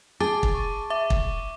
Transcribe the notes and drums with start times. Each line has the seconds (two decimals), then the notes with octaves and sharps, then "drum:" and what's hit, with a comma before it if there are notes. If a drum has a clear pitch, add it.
0.20 G#4 A5 D6 A6
0.43 drum: kick
0.54 C#6
0.90 E5 D6
1.10 drum: kick